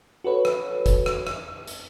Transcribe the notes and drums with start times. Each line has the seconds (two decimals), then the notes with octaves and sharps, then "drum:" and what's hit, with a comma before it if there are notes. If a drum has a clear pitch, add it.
0.24 F#4 A4 B4 C#5
0.45 drum: rim click
0.86 drum: kick, hi-hat
1.06 drum: rim click
1.27 drum: rim click
1.67 drum: hi-hat